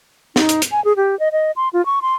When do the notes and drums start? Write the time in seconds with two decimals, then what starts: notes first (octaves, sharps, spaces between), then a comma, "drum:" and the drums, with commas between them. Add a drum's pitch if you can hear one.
0.36 D#4, drum: snare
0.49 drum: hi-hat
0.62 drum: hi-hat
0.71 G#5
0.85 G#4
0.96 G4
1.20 D#5
1.32 D#5
1.56 C6
1.73 F4
1.86 C#6
2.02 C6